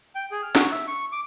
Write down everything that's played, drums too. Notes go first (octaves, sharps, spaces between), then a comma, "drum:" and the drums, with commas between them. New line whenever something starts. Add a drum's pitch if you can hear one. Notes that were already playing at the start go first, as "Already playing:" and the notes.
G5
G#4
F6
F#4, drum: snare
E5
C#6
D6